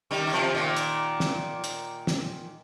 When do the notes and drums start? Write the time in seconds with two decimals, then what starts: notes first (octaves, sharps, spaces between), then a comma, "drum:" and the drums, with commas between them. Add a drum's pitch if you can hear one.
0.11 D#3 G3
0.27 D#3
0.33 C3 F3
0.55 A#2 D#3
0.77 drum: hi-hat
1.20 drum: snare
1.64 drum: hi-hat
2.07 drum: snare